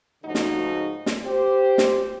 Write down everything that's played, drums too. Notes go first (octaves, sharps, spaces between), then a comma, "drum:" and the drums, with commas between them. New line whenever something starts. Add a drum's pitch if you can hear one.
G#2 C#3 F3 A3 D#4 F#4
drum: snare
drum: snare
G4 C5
drum: snare